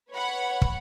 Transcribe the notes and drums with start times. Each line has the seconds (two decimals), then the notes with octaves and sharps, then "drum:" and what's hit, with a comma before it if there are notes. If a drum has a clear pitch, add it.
0.11 B4 C#5 F#5 B5
0.62 drum: kick